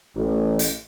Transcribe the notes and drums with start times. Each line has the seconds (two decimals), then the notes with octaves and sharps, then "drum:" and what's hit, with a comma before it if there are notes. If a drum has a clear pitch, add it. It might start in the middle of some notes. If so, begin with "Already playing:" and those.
0.16 A1
0.59 drum: hi-hat